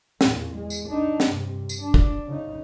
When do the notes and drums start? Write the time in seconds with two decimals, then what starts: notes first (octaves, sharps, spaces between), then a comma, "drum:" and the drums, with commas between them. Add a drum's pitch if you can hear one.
0.21 E2 A#2, drum: snare
0.56 G#3
0.70 drum: tambourine
0.89 D4 D#4
1.20 drum: snare
1.30 G2 C3
1.69 drum: tambourine
1.81 D4
1.94 drum: kick
2.26 C#3 D#4